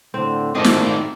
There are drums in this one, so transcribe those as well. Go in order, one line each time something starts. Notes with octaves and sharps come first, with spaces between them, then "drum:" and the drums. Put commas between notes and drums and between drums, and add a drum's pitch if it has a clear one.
A2 D3 C4
A#2 D#3 A3 A#3 C4 A4 D5 D#5
drum: snare